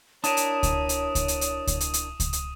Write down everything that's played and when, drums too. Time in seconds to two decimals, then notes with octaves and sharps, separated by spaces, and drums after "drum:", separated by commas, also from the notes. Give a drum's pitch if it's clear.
0.24 D4 E4 A#4 C#5 A5 D#6 D#7 E7, drum: hi-hat
0.37 drum: hi-hat
0.63 drum: kick C#2, hi-hat
0.89 drum: hi-hat
1.15 drum: kick C#2, hi-hat
1.28 drum: hi-hat
1.41 drum: hi-hat
1.67 drum: kick C#2, hi-hat
1.80 drum: hi-hat
1.94 drum: hi-hat
2.20 drum: kick C#2, hi-hat
2.33 drum: hi-hat